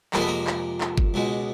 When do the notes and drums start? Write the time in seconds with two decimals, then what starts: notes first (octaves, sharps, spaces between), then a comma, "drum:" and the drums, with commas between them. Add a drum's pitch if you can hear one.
0.13 F2 C3 F3 G#3 A#3, drum: clap
0.21 B3
0.28 A#3
0.47 drum: clap
0.81 drum: clap
0.98 drum: kick G1
1.14 C#2 B2 G#3